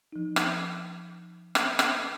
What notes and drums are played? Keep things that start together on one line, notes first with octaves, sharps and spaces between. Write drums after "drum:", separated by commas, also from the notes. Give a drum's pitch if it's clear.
F3 D#4
drum: rim click
drum: rim click
drum: rim click